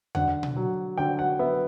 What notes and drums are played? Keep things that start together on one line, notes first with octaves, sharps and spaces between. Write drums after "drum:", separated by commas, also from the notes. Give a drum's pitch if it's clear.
D3 F#5, drum: tom E2
drum: tom B2
F#3
D3 G5
F#5
B3 E5